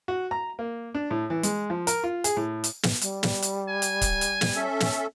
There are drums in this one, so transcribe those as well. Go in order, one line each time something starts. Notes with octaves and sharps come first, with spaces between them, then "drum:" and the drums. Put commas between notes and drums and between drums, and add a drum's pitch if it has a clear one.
F#4
A#5
A#3
D4
A2
E3
G#3, drum: hi-hat
F3
A#4, drum: hi-hat
F4
G#4, drum: hi-hat
A2
drum: hi-hat
drum: snare
G3, drum: hi-hat
drum: snare
drum: hi-hat
G#5
drum: hi-hat
drum: kick, hi-hat
drum: hi-hat
drum: snare
C#4 A4 E5
drum: snare